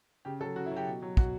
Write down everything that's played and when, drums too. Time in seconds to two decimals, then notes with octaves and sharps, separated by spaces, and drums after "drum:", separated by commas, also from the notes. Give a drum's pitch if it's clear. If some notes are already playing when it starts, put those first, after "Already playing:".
0.25 C#3 G4
0.41 F#3 A4
0.56 C#3 F#4
0.66 E4
0.71 F#3
0.76 G4
0.87 B2
1.02 F#3
1.17 B2 F#4, drum: kick